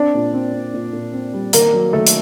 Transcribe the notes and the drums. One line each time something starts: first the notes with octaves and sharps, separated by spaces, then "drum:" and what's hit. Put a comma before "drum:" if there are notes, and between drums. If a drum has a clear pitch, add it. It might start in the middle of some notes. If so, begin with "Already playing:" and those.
Already playing: C4 D4 D5
A#2
C4
C4
A#2
A#2
C4
G3
D#3 A#3 A#4, drum: hi-hat
F#3
D#3 A3 A4
drum: hi-hat